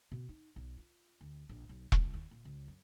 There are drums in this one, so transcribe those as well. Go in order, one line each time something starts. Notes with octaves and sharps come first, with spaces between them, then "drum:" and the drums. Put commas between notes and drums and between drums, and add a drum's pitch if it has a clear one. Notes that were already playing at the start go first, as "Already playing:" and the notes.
B2
D#4
B1
F4
D2
A#1
B1
C2, drum: kick E1
D#2
A#2
C#2
F#2